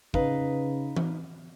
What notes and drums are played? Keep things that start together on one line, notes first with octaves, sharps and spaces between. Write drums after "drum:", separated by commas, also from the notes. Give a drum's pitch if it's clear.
C#3 D#4 B4 F5, drum: kick
drum: tom E3